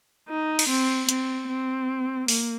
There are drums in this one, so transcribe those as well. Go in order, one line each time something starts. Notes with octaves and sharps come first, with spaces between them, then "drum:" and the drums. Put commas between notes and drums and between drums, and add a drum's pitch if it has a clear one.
D#4
drum: cymbal
C4
C4, drum: hi-hat
C4
A#3, drum: open hi-hat